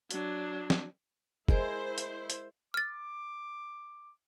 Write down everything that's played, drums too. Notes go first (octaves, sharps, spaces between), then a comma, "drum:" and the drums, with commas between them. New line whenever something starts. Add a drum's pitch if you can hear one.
F#3 D4, drum: hi-hat
drum: snare
G#3 E4 G#4 A#4 C5, drum: kick
drum: hi-hat
drum: hi-hat
D6 F6 A6